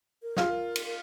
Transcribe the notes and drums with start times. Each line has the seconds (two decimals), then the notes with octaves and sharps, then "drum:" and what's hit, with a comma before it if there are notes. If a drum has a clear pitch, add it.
0.23 A#4
0.37 F4 G#4, drum: snare
0.50 A#4
0.76 drum: cymbal
0.86 A#4